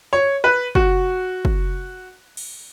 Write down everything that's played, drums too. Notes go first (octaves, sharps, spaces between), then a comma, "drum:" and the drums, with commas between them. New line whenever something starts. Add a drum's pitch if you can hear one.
C#5
B4
F#4, drum: kick
drum: kick
drum: cymbal